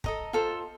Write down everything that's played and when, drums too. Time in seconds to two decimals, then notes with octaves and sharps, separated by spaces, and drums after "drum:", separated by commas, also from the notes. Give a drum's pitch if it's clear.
0.04 A4 D#5 A#5, drum: kick
0.33 F4 A4 C5